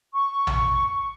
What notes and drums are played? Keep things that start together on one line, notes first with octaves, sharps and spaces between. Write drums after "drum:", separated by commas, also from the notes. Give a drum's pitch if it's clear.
C#6
drum: tom